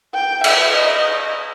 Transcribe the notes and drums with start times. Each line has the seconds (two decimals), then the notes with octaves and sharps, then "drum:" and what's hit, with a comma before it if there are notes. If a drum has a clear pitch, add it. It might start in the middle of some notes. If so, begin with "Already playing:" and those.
0.14 G5
0.44 E5, drum: cymbal
0.73 D#5